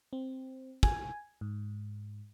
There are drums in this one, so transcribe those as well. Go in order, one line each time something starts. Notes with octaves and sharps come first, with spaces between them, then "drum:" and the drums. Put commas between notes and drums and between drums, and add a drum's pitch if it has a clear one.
C4
G#5, drum: kick
G#2